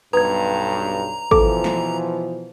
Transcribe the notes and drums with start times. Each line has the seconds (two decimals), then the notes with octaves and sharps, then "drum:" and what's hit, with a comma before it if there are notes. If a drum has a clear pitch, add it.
0.13 B1 G2 B4 A#5 D#6 G#6
1.31 B2 E3 F3 A4 D6, drum: kick
1.64 drum: snare